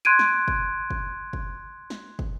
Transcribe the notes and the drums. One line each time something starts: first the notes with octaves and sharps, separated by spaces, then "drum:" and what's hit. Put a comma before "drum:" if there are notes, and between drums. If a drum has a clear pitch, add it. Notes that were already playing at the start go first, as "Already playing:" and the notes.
C6 F#6 G#6 D7 D#7
drum: snare
drum: kick
drum: kick
drum: kick
drum: snare
drum: kick